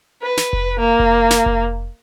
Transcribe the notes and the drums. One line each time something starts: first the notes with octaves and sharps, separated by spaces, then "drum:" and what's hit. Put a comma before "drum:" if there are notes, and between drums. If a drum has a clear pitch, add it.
B4
drum: snare
drum: kick F1
A#3
drum: kick F1
drum: snare
drum: kick F1